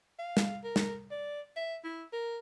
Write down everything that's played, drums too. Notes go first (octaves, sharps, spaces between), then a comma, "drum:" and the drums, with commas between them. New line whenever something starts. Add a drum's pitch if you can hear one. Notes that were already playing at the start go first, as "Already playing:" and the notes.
F5
drum: snare
A#4
drum: snare
D5
E5
E4
A#4